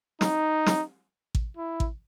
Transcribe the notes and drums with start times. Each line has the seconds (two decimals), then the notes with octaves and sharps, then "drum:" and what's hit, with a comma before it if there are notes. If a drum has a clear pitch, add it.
0.21 D#4, drum: snare
0.66 drum: snare
1.35 drum: kick A1
1.57 E4
1.80 drum: kick A1